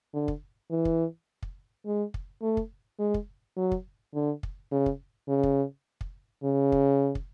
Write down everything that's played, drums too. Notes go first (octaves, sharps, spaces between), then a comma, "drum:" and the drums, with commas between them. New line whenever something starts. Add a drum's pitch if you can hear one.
D3
drum: kick
E3
drum: kick
drum: kick
G#3
drum: kick
A3
drum: kick
G#3
drum: kick
F#3
drum: kick
D3
drum: kick
C#3
drum: kick
C#3
drum: kick
drum: kick
C#3
drum: kick
drum: kick